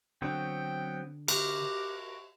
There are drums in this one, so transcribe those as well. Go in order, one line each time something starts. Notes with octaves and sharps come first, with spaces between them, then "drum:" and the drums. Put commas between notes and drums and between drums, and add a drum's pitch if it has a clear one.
D3 F#3 B3 C4 G5
F#4 G4 A#4, drum: cymbal